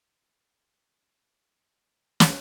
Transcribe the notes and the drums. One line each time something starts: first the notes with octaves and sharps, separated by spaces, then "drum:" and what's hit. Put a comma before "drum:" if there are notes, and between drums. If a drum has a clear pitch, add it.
G#4 D6
drum: snare